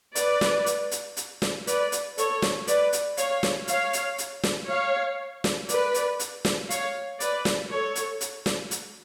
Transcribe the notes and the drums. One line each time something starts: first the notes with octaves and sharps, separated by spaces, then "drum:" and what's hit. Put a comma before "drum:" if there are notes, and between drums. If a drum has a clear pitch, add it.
B4 D5, drum: hi-hat
drum: snare
drum: hi-hat
drum: hi-hat
drum: hi-hat
drum: snare
B4 D5, drum: hi-hat
drum: hi-hat
A4 C#5, drum: hi-hat
drum: snare
B4 D5, drum: hi-hat
drum: hi-hat
C#5 F5, drum: hi-hat
drum: snare
C#5 F5, drum: hi-hat
drum: hi-hat
drum: hi-hat
drum: snare
C#5 F5
drum: snare
B4 D5, drum: hi-hat
drum: hi-hat
drum: hi-hat
drum: snare
C#5 F5, drum: hi-hat
B4 D5, drum: hi-hat
drum: snare
A4 C#5
drum: hi-hat
drum: hi-hat
drum: snare
drum: hi-hat